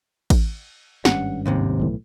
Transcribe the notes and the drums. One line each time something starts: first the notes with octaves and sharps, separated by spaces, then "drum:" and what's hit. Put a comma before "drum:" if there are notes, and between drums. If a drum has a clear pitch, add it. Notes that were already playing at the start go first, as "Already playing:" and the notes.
drum: kick A1, cymbal
G#1 G2 C#4 F#5, drum: snare
D#2 G#2 C3
B1 A2 E3